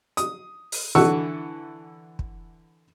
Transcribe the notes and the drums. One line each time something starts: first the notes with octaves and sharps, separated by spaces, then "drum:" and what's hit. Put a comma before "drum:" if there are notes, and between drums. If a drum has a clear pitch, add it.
D#6, drum: hi-hat
drum: open hi-hat
D3 E3 A4 F#5 C#6 E6
drum: kick